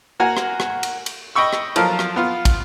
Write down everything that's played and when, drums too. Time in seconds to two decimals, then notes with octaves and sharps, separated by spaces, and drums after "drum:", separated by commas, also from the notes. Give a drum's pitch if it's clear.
0.20 A#3 F#4 F#5 G#5 A#5
0.37 drum: rim click
0.60 drum: rim click
0.83 drum: cymbal
1.06 drum: cymbal
1.35 D#5 G5 B5 C#6 E6
1.53 drum: rim click
1.76 F3 F#3 F4 A4 A#4, drum: cymbal
1.99 drum: rim click
2.16 B3 F4
2.45 drum: kick, cymbal